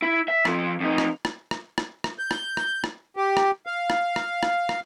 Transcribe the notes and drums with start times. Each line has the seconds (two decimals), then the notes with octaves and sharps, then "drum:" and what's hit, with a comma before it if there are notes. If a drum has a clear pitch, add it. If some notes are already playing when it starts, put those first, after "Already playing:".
0.02 E4
0.28 E5
0.45 F2 F3, drum: rim click
0.80 F2 D#4
0.98 drum: rim click
1.25 drum: rim click
1.51 drum: rim click
1.78 drum: rim click
2.04 drum: rim click
2.19 G6
2.31 drum: rim click
2.57 drum: rim click
2.84 drum: rim click
3.16 G4
3.37 drum: rim click
3.66 F5
3.90 drum: rim click
4.16 drum: rim click
4.43 drum: rim click
4.69 drum: rim click